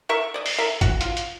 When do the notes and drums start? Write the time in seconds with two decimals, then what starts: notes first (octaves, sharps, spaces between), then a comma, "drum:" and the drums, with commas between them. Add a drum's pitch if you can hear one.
0.09 A#4 E5 C#6
0.34 D5 D#5
0.46 drum: open hi-hat
0.58 A#4 E5
0.81 F#4, drum: kick, hi-hat
1.01 F4, drum: hi-hat
1.17 drum: hi-hat